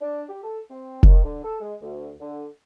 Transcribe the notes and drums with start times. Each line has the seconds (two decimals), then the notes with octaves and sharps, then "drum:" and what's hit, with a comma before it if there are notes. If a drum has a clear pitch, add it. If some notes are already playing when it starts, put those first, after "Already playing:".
0.01 D4
0.29 G4
0.43 A4
0.70 C4
1.03 D#3, drum: kick F1
1.24 D3
1.44 A4
1.60 G#3
1.82 D2
2.20 D3